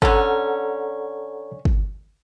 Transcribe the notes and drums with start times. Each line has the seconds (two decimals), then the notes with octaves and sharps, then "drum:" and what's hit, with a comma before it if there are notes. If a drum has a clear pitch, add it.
0.02 D3 C#4 A4 F#5 A#5, drum: kick
1.65 drum: kick